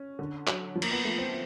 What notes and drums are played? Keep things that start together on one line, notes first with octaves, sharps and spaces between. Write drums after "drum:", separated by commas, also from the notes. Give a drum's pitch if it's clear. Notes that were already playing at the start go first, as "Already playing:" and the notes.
Already playing: C#4
D3
F#3, drum: clap
F3
A#3, drum: cymbal
B3
A3
C4